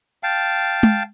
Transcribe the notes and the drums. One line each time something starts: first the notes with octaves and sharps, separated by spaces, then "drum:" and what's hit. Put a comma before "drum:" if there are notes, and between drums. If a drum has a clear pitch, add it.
F5 G5 A5
drum: tom G#3